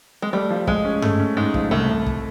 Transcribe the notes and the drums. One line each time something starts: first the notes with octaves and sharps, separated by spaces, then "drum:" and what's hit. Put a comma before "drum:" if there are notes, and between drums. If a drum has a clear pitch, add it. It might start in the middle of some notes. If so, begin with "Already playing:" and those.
G#3
G3 A3
F3
F3 G#3, drum: kick
C#4
A3, drum: tom G2
C#4
G#2 G#3
F3, drum: kick
C2 A3
C2
drum: kick